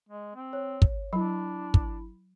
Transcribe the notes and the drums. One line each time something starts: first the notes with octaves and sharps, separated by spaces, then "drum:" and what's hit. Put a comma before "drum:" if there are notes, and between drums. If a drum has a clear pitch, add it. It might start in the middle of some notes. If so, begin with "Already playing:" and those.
G#3
C4
C#5
drum: kick
F#3 D4 E4 B5
drum: kick